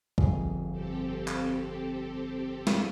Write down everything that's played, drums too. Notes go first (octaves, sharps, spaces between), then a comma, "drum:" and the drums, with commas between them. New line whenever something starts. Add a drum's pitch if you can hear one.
G1 F2 G#4, drum: kick C2
C4 G4 A4
drum: clap
drum: snare